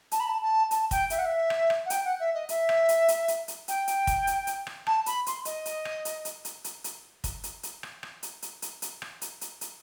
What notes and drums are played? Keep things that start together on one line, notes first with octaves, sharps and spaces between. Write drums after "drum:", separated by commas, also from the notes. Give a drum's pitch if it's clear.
A5, drum: hi-hat
B5
A5
A5
A5, drum: hi-hat
G5, drum: kick, hi-hat
E5, drum: hi-hat
F#5
E5
drum: rim click
drum: rim click
F#5
G5, drum: hi-hat
F#5
E5
D#5
E5, drum: hi-hat
drum: rim click
drum: hi-hat
drum: hi-hat
drum: hi-hat
drum: hi-hat
G5, drum: hi-hat
drum: hi-hat
drum: kick, hi-hat
drum: hi-hat
drum: hi-hat
drum: rim click
A5, drum: rim click
B5, drum: hi-hat
C6, drum: hi-hat
D#5, drum: hi-hat
drum: hi-hat
drum: rim click
drum: hi-hat
drum: hi-hat
drum: hi-hat
drum: hi-hat
drum: hi-hat
drum: kick, hi-hat
drum: hi-hat
drum: hi-hat
drum: rim click
drum: rim click
drum: hi-hat
drum: hi-hat
drum: hi-hat
drum: hi-hat
drum: rim click
drum: hi-hat
drum: hi-hat
drum: hi-hat